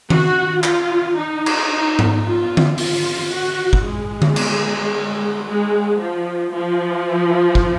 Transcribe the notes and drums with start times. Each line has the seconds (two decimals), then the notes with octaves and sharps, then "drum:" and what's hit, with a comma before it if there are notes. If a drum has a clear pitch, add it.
0.10 F#4, drum: tom D#3
0.63 F4, drum: clap
1.17 D#4
1.46 drum: cymbal
1.99 drum: tom G#2
2.25 F4
2.57 drum: tom D3
2.78 F4, drum: open hi-hat
3.32 F#4
3.73 drum: kick
3.86 G#3
4.22 drum: tom D3
4.36 drum: cymbal
5.46 G#3
6.00 F3
6.53 F3
7.55 drum: kick